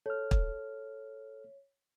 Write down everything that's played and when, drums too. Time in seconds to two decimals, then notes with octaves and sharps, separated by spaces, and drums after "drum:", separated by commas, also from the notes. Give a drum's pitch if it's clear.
0.06 A4 C#5 F6
0.31 drum: kick